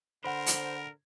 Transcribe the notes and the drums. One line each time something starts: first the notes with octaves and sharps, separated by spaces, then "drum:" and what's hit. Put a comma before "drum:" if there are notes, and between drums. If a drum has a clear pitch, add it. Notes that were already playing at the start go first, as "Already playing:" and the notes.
D3 A#4 C5 F#5 B5
drum: hi-hat